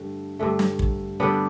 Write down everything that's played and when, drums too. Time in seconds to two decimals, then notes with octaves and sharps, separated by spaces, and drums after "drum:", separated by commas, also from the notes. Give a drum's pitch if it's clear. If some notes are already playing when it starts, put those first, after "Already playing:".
Already playing: G2 D3 A3
0.39 G2 D3 A3
0.59 drum: snare
0.79 drum: kick
1.20 D3 G3 B3 D4